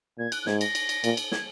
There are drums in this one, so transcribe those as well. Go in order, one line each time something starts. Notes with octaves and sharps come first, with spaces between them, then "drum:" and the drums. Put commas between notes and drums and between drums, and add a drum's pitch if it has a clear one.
A#2 G#6
F#6, drum: cymbal
F#6
G#2 G#6, drum: snare
A#6, drum: cymbal
drum: cymbal
drum: cymbal
A#2, drum: cymbal
drum: cymbal
G#6, drum: snare